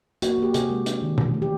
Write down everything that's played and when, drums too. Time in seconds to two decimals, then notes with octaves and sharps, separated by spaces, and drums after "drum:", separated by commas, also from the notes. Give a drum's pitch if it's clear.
0.22 A#3 F#4, drum: hi-hat
0.38 A#3 G4
0.54 C3 G#4, drum: hi-hat
0.70 G#3
0.86 D4, drum: hi-hat
1.02 D#3
1.18 E3, drum: tom
1.34 A3
1.42 G4